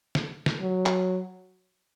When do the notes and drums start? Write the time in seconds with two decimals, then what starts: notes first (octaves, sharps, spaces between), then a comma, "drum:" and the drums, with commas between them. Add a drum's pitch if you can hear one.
0.15 drum: snare
0.46 drum: snare
0.61 F#3
0.86 drum: clap